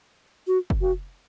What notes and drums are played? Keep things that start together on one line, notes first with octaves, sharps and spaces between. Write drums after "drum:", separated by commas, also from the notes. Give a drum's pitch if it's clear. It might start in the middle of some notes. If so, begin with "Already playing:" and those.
F#4
drum: kick
F#4